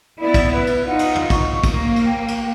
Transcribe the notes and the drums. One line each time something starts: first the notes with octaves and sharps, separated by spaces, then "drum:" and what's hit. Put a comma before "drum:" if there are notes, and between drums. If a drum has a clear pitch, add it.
B3 E4 D5
drum: kick, cymbal
B4
drum: cymbal
D#4 F4 F#5
drum: cymbal
drum: tom
C#6, drum: kick, cymbal
A#3, drum: kick, cymbal
drum: cymbal
G5
drum: cymbal